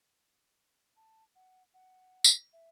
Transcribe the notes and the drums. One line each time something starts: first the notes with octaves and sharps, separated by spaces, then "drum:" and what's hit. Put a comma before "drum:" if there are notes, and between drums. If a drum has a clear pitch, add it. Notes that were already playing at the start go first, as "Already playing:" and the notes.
A5
F#5
F#5
drum: tambourine
E5